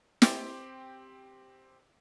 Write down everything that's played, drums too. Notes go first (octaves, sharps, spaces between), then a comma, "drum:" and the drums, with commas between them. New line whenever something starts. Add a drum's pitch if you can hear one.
C4 G4 G5 C6 D6, drum: snare